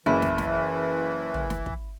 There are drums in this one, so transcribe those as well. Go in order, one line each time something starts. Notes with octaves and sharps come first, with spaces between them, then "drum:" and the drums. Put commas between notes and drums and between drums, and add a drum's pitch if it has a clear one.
F#1 E3 E4
drum: snare
drum: snare
drum: tom
drum: snare
drum: kick